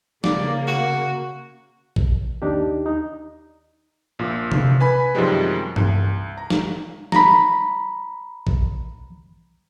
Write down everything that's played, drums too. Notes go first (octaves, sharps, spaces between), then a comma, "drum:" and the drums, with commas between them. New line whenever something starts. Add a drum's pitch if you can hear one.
C#3 A#3 D5, drum: snare
F#4
drum: kick A1
D#2 D4 D#4 G4
D#4
A#1 A#2
drum: tom C3
B4 G#5 B5
F#2 C3 D#3 F3 G3 G#3
C2, drum: tom G2
A#5
drum: snare
A#5 B5, drum: snare
drum: kick A1